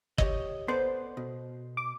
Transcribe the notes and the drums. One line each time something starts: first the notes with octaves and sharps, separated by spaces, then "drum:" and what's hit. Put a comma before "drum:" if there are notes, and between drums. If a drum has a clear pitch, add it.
G4 C#5 D#5, drum: kick
B3 A4 C5 D5
B2
D6